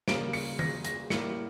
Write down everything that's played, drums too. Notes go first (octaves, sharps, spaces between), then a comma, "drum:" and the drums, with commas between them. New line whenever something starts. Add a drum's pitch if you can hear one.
C#3 G3 A#3 D7, drum: snare
C#7, drum: open hi-hat
A#6, drum: tom D#3
A#6, drum: hi-hat
A2 G3 A#3 C#7, drum: snare